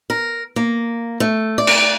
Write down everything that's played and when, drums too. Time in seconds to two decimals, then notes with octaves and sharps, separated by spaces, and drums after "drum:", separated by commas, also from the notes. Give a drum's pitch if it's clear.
0.10 A#4
0.56 A#3
1.20 A3
1.58 D5
1.67 drum: cymbal